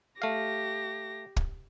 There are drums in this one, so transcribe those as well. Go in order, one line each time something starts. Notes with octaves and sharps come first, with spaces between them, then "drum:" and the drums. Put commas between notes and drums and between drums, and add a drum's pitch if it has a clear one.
A3 G4 F5 A#6
drum: kick